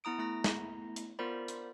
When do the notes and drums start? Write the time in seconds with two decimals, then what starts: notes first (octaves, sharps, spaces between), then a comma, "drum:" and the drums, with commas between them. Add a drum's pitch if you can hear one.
0.04 B3 E4 A#5 D#6 D7
0.18 A3 B3 E4 A#5 A#6
0.44 drum: snare
0.96 drum: hi-hat
1.19 B3 F4 A#4 C5 D5 B5
1.48 drum: hi-hat